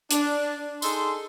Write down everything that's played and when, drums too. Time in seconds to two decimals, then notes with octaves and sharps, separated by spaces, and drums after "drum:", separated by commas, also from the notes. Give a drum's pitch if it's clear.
0.11 D4, drum: hi-hat
0.82 D#4 G#4 A4 C6, drum: tambourine